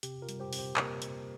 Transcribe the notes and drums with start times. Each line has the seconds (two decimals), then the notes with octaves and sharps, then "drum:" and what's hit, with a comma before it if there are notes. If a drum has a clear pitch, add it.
0.03 C3 G4, drum: hi-hat
0.22 F4 A#4
0.29 G3, drum: hi-hat
0.40 G4 C5
0.53 C3, drum: open hi-hat
0.59 G4 C5
0.77 A#3 A#4 D#5, drum: clap
1.02 drum: hi-hat